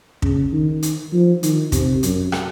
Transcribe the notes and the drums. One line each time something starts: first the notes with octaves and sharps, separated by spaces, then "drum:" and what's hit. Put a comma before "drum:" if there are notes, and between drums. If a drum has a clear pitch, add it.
C#3, drum: kick
D#3
drum: hi-hat
F3
D#3, drum: hi-hat
C3, drum: kick, hi-hat
F#2, drum: hi-hat
drum: rim click